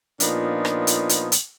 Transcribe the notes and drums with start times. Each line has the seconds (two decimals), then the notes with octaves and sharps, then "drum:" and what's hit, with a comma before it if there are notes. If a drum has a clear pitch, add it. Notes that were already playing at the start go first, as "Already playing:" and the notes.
0.20 A#2 F3 B3 D4 D#4, drum: hi-hat
0.65 drum: rim click
0.87 drum: hi-hat
1.09 drum: hi-hat
1.32 drum: hi-hat